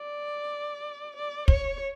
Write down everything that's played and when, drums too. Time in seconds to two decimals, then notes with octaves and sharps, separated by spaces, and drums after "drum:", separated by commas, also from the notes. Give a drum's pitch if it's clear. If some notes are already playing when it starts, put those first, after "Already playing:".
Already playing: D5
1.16 D5
1.48 C#5, drum: kick